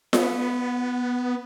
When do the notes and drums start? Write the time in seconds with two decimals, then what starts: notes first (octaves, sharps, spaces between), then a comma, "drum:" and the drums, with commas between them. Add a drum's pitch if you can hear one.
0.13 B3, drum: snare F4